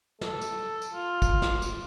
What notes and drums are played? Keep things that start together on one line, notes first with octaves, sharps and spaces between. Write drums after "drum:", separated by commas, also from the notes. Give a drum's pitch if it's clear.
A4, drum: snare
drum: tambourine
drum: tambourine
F4
drum: kick, tambourine
drum: snare
drum: tambourine